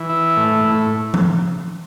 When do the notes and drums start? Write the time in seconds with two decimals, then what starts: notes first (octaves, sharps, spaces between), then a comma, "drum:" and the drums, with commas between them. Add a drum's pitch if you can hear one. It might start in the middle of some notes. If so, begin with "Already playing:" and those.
Already playing: E3
0.09 E4
0.37 A2
0.64 A2
1.14 drum: tom F3